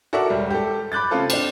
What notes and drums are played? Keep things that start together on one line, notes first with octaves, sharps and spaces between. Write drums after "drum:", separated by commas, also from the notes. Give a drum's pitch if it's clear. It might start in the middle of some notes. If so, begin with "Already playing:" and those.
F#4 A4 A#4 D5 E5 F#5
E1 G3
G4 A4
B5 D6 F#6 G6 A6
C#3 A3 C4 F4 A4
C4 D4, drum: cymbal